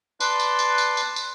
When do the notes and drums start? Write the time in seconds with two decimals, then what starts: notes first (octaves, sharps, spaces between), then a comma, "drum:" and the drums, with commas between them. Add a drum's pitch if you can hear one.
0.20 B4 D5 A5 C6, drum: tambourine
0.40 drum: tambourine
0.59 drum: tambourine
0.78 drum: tambourine
0.97 drum: tambourine
1.16 drum: tambourine